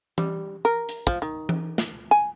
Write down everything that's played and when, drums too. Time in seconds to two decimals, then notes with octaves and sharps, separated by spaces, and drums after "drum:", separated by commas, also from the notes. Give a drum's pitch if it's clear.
0.18 G3, drum: tom E3
0.65 A#4
0.89 drum: hi-hat
1.07 F3, drum: kick
1.22 D#3
1.49 drum: tom E3
1.78 drum: snare
2.11 G#5